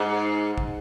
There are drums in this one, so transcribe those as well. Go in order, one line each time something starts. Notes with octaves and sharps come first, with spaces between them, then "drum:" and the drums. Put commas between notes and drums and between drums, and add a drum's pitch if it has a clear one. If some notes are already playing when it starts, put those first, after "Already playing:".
Already playing: G#2
drum: kick